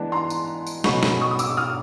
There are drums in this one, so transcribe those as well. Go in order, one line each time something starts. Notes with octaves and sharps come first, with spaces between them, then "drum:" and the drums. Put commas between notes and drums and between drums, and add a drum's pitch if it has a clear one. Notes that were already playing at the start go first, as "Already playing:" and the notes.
Already playing: E3 G#3 B3 D4 A5
A#5 C6
drum: tambourine
drum: tambourine
B2 G#3 C#4 F#4 B5 C#6, drum: snare
B5 C#6, drum: snare
C#6 D#6
D#6
D6 E6, drum: tambourine
D#6 F6